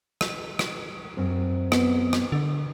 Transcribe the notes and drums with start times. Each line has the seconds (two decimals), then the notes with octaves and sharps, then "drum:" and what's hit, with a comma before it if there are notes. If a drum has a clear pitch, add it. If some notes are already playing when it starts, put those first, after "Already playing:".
0.21 drum: rim click
0.59 drum: rim click
1.17 F#2 C4
1.72 B3, drum: rim click
2.13 drum: rim click
2.32 D3